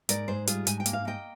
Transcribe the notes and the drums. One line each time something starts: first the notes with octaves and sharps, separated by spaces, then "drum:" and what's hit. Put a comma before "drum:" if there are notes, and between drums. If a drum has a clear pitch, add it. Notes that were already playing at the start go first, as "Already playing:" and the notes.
G#2 A#4 D5, drum: hi-hat
G#2 G#4 C5
G3 F4 G#4, drum: hi-hat
G#2 G#5, drum: hi-hat
G5
A#3, drum: hi-hat
F5
A#3 D#5 G5